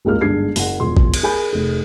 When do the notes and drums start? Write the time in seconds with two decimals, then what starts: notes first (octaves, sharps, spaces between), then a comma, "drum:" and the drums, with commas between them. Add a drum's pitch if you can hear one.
0.05 F#1 C#2 A#3 G#4 F6
0.21 G1 G#2 D4 G#4 G#6 C7
0.56 F#1 F#5, drum: open hi-hat
0.80 E1 F3 C6
0.97 drum: kick
1.14 drum: cymbal
1.23 G#4 A#4 G#5 B5 G6
1.53 F1 G#4